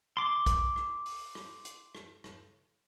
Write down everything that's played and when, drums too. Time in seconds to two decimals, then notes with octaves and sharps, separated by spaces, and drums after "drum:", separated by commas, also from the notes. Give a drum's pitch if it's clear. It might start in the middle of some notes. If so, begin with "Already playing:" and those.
0.17 C6 D6
0.46 drum: kick, hi-hat
0.76 drum: rim click
1.06 drum: open hi-hat
1.35 drum: rim click
1.65 drum: hi-hat
1.95 drum: rim click
2.24 drum: rim click